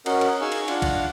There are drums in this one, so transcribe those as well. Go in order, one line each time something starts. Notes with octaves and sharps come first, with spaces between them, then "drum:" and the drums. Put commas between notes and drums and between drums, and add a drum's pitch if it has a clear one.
C#4 F#4 A#4 D#5 F#5, drum: cymbal
drum: cymbal
D#4 G#4 F5 G#5 C#6 E6
drum: cymbal
D4 F4 F5 F#5, drum: cymbal
drum: kick A#1, cymbal